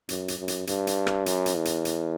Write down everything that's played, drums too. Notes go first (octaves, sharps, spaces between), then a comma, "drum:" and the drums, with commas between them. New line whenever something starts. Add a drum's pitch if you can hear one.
F#2, drum: hi-hat
drum: hi-hat
F#2
drum: hi-hat
G2, drum: hi-hat
drum: hi-hat
drum: rim click
F#2, drum: hi-hat
drum: hi-hat
E2
drum: hi-hat
drum: hi-hat